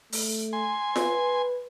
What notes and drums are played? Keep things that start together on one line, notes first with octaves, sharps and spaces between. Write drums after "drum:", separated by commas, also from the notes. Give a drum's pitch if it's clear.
A3, drum: open hi-hat
G#5 C6
B4, drum: snare F4